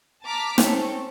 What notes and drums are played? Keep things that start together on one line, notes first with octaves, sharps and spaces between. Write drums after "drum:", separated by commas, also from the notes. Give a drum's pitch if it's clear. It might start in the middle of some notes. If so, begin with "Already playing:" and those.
A5 A#5 D6 F6 B6
C4 C#4 A4, drum: snare